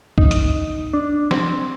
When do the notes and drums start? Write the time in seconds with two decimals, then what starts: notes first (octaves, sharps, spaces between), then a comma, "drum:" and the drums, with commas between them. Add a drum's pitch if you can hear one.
0.18 D#4, drum: kick C2
0.31 drum: hi-hat
0.94 D4
1.31 C4, drum: snare